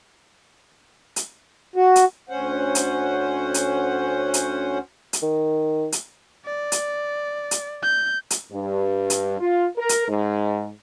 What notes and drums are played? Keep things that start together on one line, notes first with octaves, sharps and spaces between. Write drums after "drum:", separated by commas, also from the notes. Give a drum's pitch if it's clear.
drum: hi-hat
F#4
drum: hi-hat
D2 C#4 C5 F#5
drum: hi-hat
drum: hi-hat
drum: hi-hat
drum: hi-hat
D#3
drum: hi-hat
D5
drum: hi-hat
drum: hi-hat
G6
drum: hi-hat
G2
drum: hi-hat
F4
A#4
drum: hi-hat
G#2